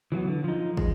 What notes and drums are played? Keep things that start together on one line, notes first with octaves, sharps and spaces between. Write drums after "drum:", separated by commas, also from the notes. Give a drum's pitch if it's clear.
E3 F#3 A#3 B3
D3
F3 D#4
G#3, drum: kick